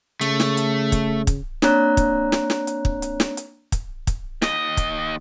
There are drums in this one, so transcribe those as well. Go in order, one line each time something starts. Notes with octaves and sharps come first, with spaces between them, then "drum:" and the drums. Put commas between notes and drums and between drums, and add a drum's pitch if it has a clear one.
C#3 A3, drum: hi-hat
drum: snare
drum: hi-hat
drum: kick, hi-hat
drum: kick, hi-hat
A#3 C4 D4 C#5 A#5 F#6, drum: snare
drum: kick, hi-hat
drum: snare
drum: snare
drum: hi-hat
drum: kick
drum: hi-hat
drum: snare
drum: hi-hat
drum: kick, hi-hat
drum: kick, hi-hat
D#2 D#5, drum: snare
drum: kick, hi-hat